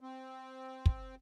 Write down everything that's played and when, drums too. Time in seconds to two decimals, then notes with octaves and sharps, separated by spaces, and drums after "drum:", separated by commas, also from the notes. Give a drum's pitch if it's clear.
0.01 C4
0.86 drum: kick